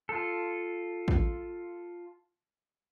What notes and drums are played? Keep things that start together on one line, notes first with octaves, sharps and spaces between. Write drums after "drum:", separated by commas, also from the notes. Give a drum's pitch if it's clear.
F4 A4
drum: kick